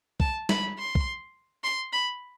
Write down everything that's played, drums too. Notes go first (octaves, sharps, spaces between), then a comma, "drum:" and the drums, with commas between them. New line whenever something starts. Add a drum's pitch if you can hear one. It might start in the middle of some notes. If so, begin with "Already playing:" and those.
A5, drum: kick
B5, drum: snare
C6
drum: kick
C6
B5